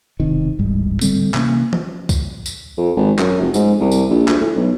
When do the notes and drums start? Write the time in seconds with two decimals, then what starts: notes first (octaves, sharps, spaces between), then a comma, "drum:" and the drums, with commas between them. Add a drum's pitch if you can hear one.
0.20 E1 C3 D#3
0.59 D1 A1 G#2 G3
1.01 D3 G3 A3 C4, drum: tambourine
1.34 C3 E3 A#3 C#4, drum: clap
1.73 drum: tom E3
2.09 drum: kick, tambourine
2.46 drum: tambourine
2.77 F2
2.96 G#1
3.19 F#2, drum: clap
3.41 F1
3.54 G#2, drum: tambourine
3.80 C2
3.92 drum: tambourine
4.09 A#1
4.28 D2, drum: clap
4.41 A2
4.56 B1